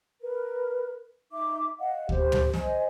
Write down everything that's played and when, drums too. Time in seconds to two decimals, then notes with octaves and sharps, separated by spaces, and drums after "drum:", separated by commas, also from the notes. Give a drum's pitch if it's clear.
0.21 A#4 B4
1.31 D#4 E5 D6
1.80 D#5 F5 F#5
2.09 G4 C5, drum: kick
2.32 drum: tom
2.54 C5 D#5 G#5, drum: snare